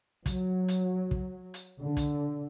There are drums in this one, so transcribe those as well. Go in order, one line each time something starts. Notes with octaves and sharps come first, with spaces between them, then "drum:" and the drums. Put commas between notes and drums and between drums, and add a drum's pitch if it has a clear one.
F#3, drum: kick, hi-hat
drum: hi-hat
drum: kick
drum: hi-hat
D3
drum: kick, hi-hat